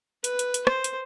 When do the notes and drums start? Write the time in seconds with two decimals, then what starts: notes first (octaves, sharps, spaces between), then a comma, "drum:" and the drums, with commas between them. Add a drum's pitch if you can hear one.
0.24 B4, drum: hi-hat
0.39 drum: hi-hat
0.54 drum: hi-hat
0.67 C5, drum: rim click
0.84 drum: hi-hat